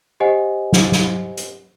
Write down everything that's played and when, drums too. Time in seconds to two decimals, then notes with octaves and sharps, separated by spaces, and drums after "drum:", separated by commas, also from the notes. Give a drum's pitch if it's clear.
0.20 G4 C5 D#5 F#5 G#5
0.73 drum: snare
0.92 drum: snare
1.37 drum: hi-hat